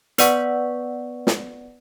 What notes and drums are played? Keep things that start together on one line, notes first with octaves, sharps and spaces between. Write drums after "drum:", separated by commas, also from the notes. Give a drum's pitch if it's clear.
B3 B4 D5 F#5 C#6, drum: hi-hat
drum: snare